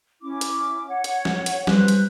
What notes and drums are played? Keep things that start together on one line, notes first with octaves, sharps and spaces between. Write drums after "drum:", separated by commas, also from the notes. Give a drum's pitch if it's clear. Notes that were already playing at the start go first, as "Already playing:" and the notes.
C#4 E4 D6
drum: hi-hat
C#5 F#5
drum: hi-hat
drum: snare
drum: hi-hat
G3 B4 C5 F#6, drum: snare
drum: hi-hat